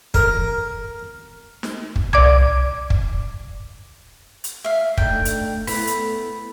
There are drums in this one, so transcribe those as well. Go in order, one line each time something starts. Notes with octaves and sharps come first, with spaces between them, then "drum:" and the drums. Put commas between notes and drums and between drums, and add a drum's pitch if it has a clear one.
A#4, drum: kick
drum: snare
drum: kick
D5 D6 G#6, drum: tom C2
drum: kick
drum: hi-hat
E5 F5
A3 D4 D#4 G5, drum: kick
drum: hi-hat
A3 B3 E4 B5, drum: open hi-hat
drum: hi-hat